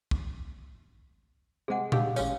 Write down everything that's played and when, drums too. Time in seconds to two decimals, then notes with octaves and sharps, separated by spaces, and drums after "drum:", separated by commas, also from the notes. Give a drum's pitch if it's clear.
0.11 drum: kick
1.68 C3 G#3 G#4 F#5
1.92 D4 G4 F5 E6, drum: tom A#2
2.16 A1 G#3 C#4 C#5 F5, drum: tambourine